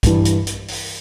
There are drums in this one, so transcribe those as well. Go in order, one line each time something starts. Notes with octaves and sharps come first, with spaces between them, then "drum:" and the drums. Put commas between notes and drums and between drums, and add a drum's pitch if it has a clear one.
G2 E3, drum: kick, hi-hat
drum: hi-hat
drum: hi-hat
drum: open hi-hat